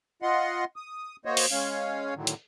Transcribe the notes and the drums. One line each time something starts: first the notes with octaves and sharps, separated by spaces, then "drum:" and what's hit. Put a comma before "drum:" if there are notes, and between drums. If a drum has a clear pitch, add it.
F4 D#5 F#5 C6
D#6
A#3 F#4 C5 C#5 D#5
drum: open hi-hat
G#3 C#4 C#5 F5
A2 D3 D#3 F#3
drum: hi-hat